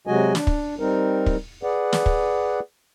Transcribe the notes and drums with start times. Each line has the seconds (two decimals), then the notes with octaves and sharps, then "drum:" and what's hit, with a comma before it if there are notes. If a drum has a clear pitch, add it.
0.07 C3 F#3 G#3 F#4 D#5 G#5
0.35 D4, drum: snare
0.47 drum: kick
0.80 G3 C4 D#4 A#4
1.26 drum: kick
1.63 G#4 B4 D5 F#5
1.93 drum: snare
2.06 drum: kick